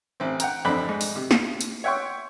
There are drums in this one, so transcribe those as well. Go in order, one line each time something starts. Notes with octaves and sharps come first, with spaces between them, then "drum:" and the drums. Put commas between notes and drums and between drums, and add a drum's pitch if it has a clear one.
A1 C4
F#5 G5 A#5, drum: hi-hat
A1 F2 C4 D4 B5 F#6
G#2
drum: open hi-hat
C3
drum: snare
drum: hi-hat
C#5 E5 F#5 G5 C6 C#6